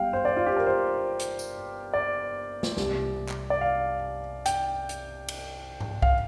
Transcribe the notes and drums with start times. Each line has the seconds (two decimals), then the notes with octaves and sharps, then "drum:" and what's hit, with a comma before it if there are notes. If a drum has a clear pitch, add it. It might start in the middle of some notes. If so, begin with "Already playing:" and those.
Already playing: G1 G2 G3 F5 G5
0.13 C5
0.25 D5
0.37 F4
0.46 G4
0.56 A#4
0.67 C5
1.20 drum: hi-hat
1.39 drum: tambourine
1.93 D5
2.63 drum: snare
2.77 C2 C3 G3, drum: snare
3.29 drum: clap
3.50 D5
3.61 F5
4.46 G5, drum: hi-hat
4.89 drum: hi-hat
5.28 drum: cymbal
5.80 drum: tom G#2
6.02 F5, drum: kick